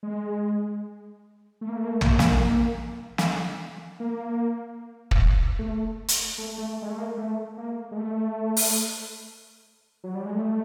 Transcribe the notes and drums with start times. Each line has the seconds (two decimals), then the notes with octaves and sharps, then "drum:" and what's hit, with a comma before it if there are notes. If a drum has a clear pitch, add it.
0.03 G#3
1.61 A3
1.69 A#3
1.77 A3
1.84 A#3
1.92 A3
2.01 A#3, drum: tom
2.19 drum: snare
3.18 drum: snare
4.00 A#3
5.11 drum: kick
5.59 A3
6.08 drum: hi-hat
6.38 A3
6.58 A3
6.82 G#3
6.90 A3
6.98 A#3
7.18 A3
7.57 A#3
7.91 G#3
7.97 A3
8.57 drum: open hi-hat
10.04 F#3
10.15 G3
10.25 G#3
10.35 A3